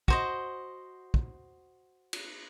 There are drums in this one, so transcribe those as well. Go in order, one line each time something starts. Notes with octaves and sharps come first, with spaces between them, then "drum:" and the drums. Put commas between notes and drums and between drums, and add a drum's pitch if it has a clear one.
F#4 C5 D#5, drum: kick
drum: kick
drum: cymbal